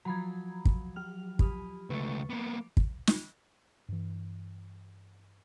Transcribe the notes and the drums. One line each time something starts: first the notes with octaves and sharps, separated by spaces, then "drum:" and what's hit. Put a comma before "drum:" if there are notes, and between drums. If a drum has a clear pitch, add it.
F3 F#3 A#5 B5 G#6
drum: kick
F#3 F6 F7
G4 B5 D#6 F6, drum: kick
C#2 A3 B4 C#6 A6
A#3 B3 D6
drum: kick
drum: snare
G2 E3